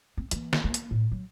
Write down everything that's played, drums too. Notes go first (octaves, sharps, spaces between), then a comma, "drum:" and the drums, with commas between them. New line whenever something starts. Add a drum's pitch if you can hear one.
C4
E3 A#3, drum: hi-hat
drum: snare
A#3
drum: hi-hat
A2
F#3